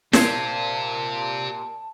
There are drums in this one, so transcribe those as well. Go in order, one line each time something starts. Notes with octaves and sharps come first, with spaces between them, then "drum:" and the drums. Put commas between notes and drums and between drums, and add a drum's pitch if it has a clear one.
A#2 G4 C5 A5 G#6 C7, drum: snare